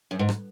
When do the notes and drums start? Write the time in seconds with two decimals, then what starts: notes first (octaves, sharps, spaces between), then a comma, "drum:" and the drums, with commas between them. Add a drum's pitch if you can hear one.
0.11 F#2
0.19 G#2
0.29 drum: rim click